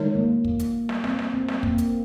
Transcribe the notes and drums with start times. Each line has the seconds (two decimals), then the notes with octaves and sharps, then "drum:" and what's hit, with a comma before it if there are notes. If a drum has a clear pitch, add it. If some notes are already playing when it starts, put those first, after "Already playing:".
Already playing: D#3 G#3 D#4 A#4 C#5
0.15 A#3
0.45 drum: kick
0.59 drum: hi-hat
0.89 drum: snare
1.04 C4, drum: snare
1.19 drum: snare
1.34 C4
1.48 drum: snare
1.63 A#3, drum: kick
1.78 drum: hi-hat